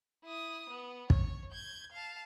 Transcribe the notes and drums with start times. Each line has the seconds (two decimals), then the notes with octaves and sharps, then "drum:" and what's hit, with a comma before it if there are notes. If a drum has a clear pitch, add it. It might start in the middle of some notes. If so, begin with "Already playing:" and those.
0.24 E4 D#6
0.69 B3
1.10 C#5, drum: kick
1.52 G6 G#6
1.92 F5 A5